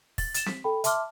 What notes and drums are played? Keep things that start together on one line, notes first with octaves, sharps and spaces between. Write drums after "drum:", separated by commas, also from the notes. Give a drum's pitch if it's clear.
A6, drum: kick, open hi-hat
A6 E7, drum: hi-hat
B6, drum: snare C4
A4 G5 B5
E5 A5 C6 D6 F6, drum: hi-hat